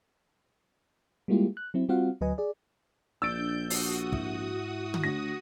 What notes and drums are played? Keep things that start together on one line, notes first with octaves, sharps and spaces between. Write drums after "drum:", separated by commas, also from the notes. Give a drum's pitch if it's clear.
G3 G#3 A#3 E4 F4 G4
F#6
F#3 C4 E4
G3 C4 F4 F#4 F5 F#5
D2 F#3 B4 D#5 G#5
G#4 D5
A#1 D4 E6 G6 A6 D7
F#4 D#6, drum: open hi-hat
G#2 E4, drum: kick
drum: tom D3
D2 A#6